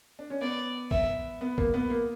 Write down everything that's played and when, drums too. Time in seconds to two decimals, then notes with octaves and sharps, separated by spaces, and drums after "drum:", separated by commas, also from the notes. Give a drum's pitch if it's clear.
0.19 D4
0.30 C#4
0.41 B3 D5
0.91 E5, drum: kick
1.41 B3
1.58 A#3, drum: kick
1.74 B3
1.90 A#3